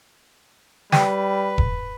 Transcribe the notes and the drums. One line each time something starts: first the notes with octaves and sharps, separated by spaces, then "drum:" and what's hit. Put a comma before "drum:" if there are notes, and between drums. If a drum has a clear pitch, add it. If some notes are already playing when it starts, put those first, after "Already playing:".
G3 B4 G5, drum: snare
drum: kick E1